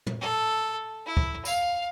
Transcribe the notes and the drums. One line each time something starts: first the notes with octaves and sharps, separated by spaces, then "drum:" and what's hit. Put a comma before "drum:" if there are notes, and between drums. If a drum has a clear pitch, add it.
drum: tom
A4
E4
drum: kick
F5, drum: tambourine